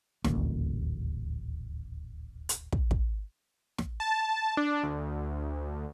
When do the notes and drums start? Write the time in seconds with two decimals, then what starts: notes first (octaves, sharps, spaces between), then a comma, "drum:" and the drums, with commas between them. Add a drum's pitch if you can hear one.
0.24 D#1 A1 D2 A#3, drum: snare
2.49 drum: hi-hat
2.72 drum: kick
2.91 drum: kick
3.78 drum: snare
4.00 A5
4.57 D4
4.83 D2